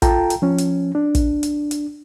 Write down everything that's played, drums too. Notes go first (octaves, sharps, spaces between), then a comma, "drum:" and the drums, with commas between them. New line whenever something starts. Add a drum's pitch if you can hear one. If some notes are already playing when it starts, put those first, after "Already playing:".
F4 A4 G5 A5 A#5, drum: kick, hi-hat
drum: hi-hat
F3 C#4
drum: hi-hat
D4
drum: kick, hi-hat
drum: hi-hat
drum: hi-hat